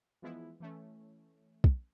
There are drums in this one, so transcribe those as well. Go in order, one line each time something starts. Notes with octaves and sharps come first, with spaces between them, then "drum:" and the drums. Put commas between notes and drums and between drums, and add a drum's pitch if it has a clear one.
E3 F3 G#3 B3 E4
E3 A3 C#4
drum: kick